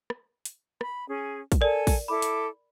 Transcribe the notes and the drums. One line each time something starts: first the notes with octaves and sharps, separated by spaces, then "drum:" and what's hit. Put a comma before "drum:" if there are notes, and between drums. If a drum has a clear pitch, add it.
drum: rim click
drum: hi-hat
B5, drum: rim click
C#4 G#4
drum: kick, hi-hat
A4 A#4 D5 G#5
drum: kick, open hi-hat
E4 A4 B5 D6
drum: hi-hat